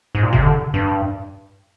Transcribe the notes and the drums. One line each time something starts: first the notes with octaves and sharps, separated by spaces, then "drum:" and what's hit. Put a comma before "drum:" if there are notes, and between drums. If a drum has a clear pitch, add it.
G#2
A#2
C3, drum: kick G1
D3
G2